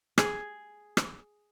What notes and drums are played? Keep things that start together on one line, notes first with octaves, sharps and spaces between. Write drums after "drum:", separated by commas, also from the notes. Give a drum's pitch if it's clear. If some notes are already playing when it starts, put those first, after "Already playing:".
G#4, drum: rim click
drum: rim click